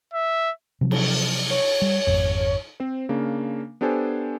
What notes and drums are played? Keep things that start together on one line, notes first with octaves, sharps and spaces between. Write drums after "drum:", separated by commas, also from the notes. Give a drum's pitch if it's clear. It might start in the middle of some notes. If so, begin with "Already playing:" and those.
E5
C3 F3 F#3
drum: cymbal
C#5
G3
G#1 F2
C4 C5
C#3 A#3 D4
B3 D4 G4 A4 C5 G#5